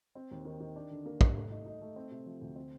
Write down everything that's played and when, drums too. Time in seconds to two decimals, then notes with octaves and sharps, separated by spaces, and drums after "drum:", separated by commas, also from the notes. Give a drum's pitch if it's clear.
0.15 C4
0.31 D#2
0.45 D#3
0.60 D#3
0.76 D4
0.91 D3
1.06 A#3
1.21 G3, drum: kick
1.36 A3
1.51 D#4
1.66 D#4
1.81 A3
1.96 C4
2.11 C3
2.26 F3
2.41 D2
2.56 C4